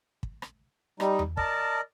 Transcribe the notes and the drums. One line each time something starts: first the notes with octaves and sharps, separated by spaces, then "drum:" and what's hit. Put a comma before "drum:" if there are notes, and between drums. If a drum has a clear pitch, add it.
drum: kick
drum: rim click
G3 D#4, drum: rim click
drum: tom E2
A#4 D5 D#5 A5, drum: kick